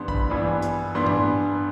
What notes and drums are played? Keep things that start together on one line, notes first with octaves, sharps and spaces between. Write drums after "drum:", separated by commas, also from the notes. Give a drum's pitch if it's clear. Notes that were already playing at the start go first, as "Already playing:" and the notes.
Already playing: G2 E3 B3 D4 C6
B5, drum: kick
G2 E3 B3 D4
drum: hi-hat
G2 E3 B3 D4 C6
drum: tom G#2